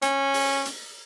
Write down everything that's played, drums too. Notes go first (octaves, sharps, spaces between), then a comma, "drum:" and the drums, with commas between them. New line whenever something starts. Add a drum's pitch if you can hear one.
C#4, drum: hi-hat
drum: open hi-hat
drum: hi-hat